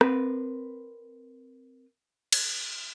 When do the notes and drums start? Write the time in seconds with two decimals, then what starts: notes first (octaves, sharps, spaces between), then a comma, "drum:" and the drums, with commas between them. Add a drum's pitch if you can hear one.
0.01 C4 A#4 B4, drum: rim click
2.33 drum: cymbal